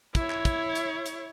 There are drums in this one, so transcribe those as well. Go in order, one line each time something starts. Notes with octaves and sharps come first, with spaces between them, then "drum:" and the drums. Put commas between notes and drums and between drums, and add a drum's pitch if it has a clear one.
E4 C#5, drum: kick, hi-hat
drum: clap
drum: kick, hi-hat
drum: hi-hat
drum: hi-hat